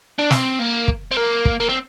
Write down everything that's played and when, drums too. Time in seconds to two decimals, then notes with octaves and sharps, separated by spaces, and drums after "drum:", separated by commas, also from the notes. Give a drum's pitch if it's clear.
0.19 D4
0.31 C4, drum: snare
0.59 A#3
0.88 drum: kick
1.11 C4
1.17 A#3
1.45 drum: kick
1.60 A#3
1.69 C4